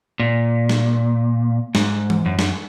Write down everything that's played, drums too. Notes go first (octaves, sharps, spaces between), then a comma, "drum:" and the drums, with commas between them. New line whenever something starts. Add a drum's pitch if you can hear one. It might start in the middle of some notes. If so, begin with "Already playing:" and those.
A#2
drum: snare
G#2, drum: snare
drum: tom E3
F#2
F#2, drum: snare